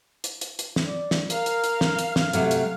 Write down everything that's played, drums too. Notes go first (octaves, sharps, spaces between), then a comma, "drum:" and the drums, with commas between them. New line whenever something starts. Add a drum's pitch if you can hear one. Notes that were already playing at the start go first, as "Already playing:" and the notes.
drum: hi-hat
drum: hi-hat
drum: hi-hat
drum: snare
D5
drum: snare
A#4 F5, drum: hi-hat
drum: hi-hat
drum: hi-hat
drum: snare
drum: hi-hat
drum: snare
C3 F#3 A3, drum: hi-hat
drum: hi-hat